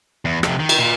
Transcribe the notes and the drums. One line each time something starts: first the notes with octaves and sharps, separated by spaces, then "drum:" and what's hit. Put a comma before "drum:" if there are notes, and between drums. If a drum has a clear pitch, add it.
E2
F2 C3, drum: rim click
D#3
drum: cymbal
A#2